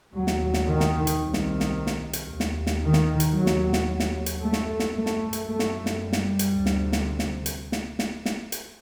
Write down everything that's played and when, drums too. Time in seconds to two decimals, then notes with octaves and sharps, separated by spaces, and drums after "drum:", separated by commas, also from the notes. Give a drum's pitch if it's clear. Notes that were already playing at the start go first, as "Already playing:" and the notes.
0.13 D#2 F#3
0.27 drum: snare
0.54 drum: snare
0.66 D#3
0.80 drum: snare
1.07 drum: hi-hat
1.20 C2 C3 D#3
1.34 drum: snare
1.60 drum: snare
1.87 drum: snare
2.13 drum: hi-hat
2.26 D#2
2.40 drum: snare
2.67 drum: snare
2.80 D#3
2.93 drum: snare
3.20 drum: hi-hat
3.33 D#2 F#3
3.46 drum: snare
3.73 drum: snare
3.87 F#3
4.00 drum: snare
4.26 drum: hi-hat
4.40 F#2 A3
4.53 drum: snare
4.80 drum: snare
4.93 A3
5.06 drum: snare
5.33 drum: hi-hat
5.45 F#2 A3
5.59 drum: snare
5.86 drum: snare
5.99 G3
6.13 drum: snare
6.39 drum: hi-hat
6.53 D2 C3
6.66 drum: snare
6.92 drum: snare
7.19 drum: snare
7.46 drum: hi-hat
7.72 drum: snare
7.99 drum: snare
8.26 drum: snare
8.52 drum: hi-hat